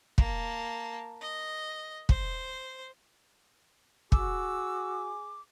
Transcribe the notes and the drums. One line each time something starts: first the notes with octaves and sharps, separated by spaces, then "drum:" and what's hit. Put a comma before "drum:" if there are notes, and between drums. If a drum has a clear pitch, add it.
A#3 A5, drum: kick
D#5
C5, drum: kick
F#4 G#4 D6 E6, drum: kick